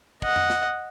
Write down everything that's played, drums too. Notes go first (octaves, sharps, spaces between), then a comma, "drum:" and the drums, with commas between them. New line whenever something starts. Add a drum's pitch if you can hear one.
D#5 F#5, drum: kick
drum: tom F2
drum: snare